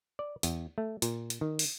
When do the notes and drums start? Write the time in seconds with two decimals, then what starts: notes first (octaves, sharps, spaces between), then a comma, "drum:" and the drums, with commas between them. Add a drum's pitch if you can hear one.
0.19 D5
0.43 E2, drum: hi-hat
0.78 A3
1.02 A#2, drum: hi-hat
1.30 drum: hi-hat
1.41 D#3
1.59 drum: open hi-hat